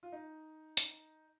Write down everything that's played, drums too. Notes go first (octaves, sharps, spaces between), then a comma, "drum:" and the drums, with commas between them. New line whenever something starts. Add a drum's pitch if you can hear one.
F4
D#4
drum: hi-hat